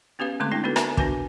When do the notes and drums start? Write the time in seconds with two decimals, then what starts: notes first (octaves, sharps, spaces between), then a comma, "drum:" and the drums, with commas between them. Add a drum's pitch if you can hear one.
0.19 B3 C#4 G4 B4 F5
0.40 D3 G#3 A3 C4 C6 D6
0.52 D4 E4 G5
0.64 B3 D#4 F#4 A4 B4
0.76 A#4 E5 G#5 A5, drum: rim click
0.97 D4 F#4 B4 G#5 D6, drum: kick